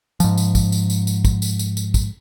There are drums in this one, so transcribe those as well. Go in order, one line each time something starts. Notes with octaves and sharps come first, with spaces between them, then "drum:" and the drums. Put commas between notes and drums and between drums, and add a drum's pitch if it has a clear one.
G#2 F3, drum: tambourine
drum: tambourine
drum: kick, tambourine
drum: tambourine
drum: tambourine
drum: tambourine
drum: kick, tambourine
drum: tambourine
drum: tambourine
drum: tambourine
drum: kick, tambourine